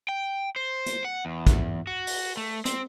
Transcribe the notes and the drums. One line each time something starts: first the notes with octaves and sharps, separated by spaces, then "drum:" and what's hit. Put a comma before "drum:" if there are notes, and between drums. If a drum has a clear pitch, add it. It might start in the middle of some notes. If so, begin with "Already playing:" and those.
G5
C5
drum: hi-hat
F#5
E2
drum: kick, hi-hat
F#4
drum: open hi-hat
A3
C4, drum: hi-hat